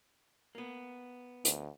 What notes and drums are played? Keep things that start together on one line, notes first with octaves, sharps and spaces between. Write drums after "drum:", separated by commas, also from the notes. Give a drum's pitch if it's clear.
A#3 B3
D2, drum: hi-hat